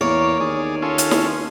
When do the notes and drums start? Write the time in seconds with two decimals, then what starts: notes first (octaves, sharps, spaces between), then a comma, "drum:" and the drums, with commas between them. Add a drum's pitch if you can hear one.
0.01 E2 A#3 C#5 D5
0.40 D#2 G#4 D5
0.82 C#4 F4 A4
0.98 drum: hi-hat
1.11 drum: snare